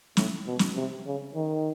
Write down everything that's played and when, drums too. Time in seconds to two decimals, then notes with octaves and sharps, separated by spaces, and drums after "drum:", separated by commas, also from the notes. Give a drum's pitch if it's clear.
0.17 A2, drum: snare
0.47 B2
0.59 drum: snare
0.76 C3
1.06 C#3
1.35 D#3